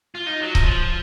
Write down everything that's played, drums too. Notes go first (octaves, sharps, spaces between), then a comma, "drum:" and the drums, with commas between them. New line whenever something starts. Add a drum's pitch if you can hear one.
F4
D#4
F#3
F3, drum: kick C#1